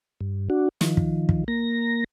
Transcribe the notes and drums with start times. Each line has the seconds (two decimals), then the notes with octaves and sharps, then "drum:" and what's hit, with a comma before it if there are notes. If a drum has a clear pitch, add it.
0.21 G2
0.50 D4 F#4
0.81 D#3 F3, drum: snare
0.97 drum: kick
1.29 drum: kick
1.48 A#3 A#6